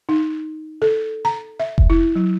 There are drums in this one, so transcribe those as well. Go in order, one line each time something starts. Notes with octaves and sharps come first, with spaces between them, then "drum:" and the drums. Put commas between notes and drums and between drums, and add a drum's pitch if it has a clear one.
D#4
A4
A#5
E5
drum: kick F1
E4
F#3